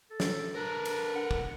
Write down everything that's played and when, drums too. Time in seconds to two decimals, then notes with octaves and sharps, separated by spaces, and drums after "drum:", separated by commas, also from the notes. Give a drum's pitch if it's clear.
0.11 A4
0.20 drum: snare
0.55 D4 A#4 B4
0.85 drum: cymbal
1.15 F#5
1.31 drum: kick